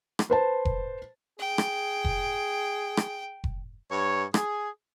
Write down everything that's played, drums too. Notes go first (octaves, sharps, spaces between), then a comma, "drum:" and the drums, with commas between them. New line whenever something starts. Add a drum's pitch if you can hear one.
drum: rim click
B4 C5 A5
drum: kick F1
G#4 G5
drum: rim click
drum: kick F1
drum: rim click
drum: kick F1
G2 C#5
G#4, drum: rim click